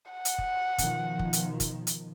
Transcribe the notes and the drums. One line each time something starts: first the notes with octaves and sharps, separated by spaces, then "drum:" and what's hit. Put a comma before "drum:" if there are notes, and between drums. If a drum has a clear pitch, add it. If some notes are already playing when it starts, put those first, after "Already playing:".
F#5
drum: hi-hat
drum: kick
B2 D#3 F3, drum: kick, hi-hat
drum: kick
drum: hi-hat
drum: kick, hi-hat
drum: hi-hat